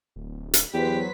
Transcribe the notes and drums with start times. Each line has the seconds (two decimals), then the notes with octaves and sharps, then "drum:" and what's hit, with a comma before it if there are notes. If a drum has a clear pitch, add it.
0.16 D1
0.54 drum: hi-hat
0.74 E2 F#3 G4 B4 C5 B6